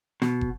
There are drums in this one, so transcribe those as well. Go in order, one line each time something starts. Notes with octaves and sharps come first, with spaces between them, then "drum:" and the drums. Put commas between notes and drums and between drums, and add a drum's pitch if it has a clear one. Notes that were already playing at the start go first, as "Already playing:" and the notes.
B2, drum: snare
drum: kick